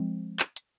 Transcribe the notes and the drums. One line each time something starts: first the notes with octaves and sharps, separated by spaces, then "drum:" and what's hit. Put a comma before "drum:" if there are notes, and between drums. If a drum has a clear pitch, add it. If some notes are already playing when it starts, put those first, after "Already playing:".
Already playing: F3 G#3 C4
drum: clap
drum: hi-hat